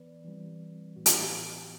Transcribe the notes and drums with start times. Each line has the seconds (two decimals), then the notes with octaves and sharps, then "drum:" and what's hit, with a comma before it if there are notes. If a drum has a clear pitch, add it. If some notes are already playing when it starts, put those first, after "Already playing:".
Already playing: E3 B3 B4 D5
0.25 E3 G3 C4
0.96 A2 E3 B3 F#4
1.06 G4, drum: hi-hat
1.15 F#4